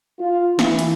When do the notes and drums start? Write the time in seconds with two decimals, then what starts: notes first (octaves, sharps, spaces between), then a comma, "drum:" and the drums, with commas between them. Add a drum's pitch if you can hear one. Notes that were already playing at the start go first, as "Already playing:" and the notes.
0.19 F4
0.59 E3, drum: snare
0.79 drum: hi-hat